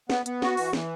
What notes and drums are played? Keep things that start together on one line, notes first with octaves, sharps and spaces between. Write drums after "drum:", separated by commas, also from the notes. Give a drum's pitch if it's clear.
B3, drum: snare
B3, drum: hi-hat
F#4, drum: snare
E3, drum: open hi-hat
E3, drum: snare